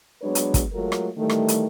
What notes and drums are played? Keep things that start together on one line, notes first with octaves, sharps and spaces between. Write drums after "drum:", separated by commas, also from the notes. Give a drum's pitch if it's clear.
F#3 G#3 B3 D4 B4 C#5
drum: hi-hat
drum: kick, hi-hat
F#3 G#3 A3 F4 A4 A#4
drum: rim click
D#3 E3 G3 A3
drum: rim click
drum: hi-hat